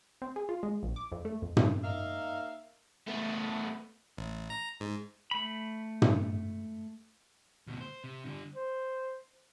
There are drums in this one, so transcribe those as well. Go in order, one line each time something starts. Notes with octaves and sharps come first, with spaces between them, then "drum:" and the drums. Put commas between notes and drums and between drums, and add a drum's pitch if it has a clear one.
C4
G#4
F4
G#3
A#1
D6
F2
A3
F2
drum: tom
A#3 D#4 E5 F5
A3 B3
A1
A#5
G#2
A3 B5
drum: tom
D2 B2
C5
C3
D3 G3
C5